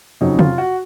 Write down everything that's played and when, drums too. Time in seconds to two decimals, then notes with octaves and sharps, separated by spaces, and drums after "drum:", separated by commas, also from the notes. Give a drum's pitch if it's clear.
0.21 F2 C#3 F#3 D#4
0.39 F4, drum: tom C3
0.58 F#4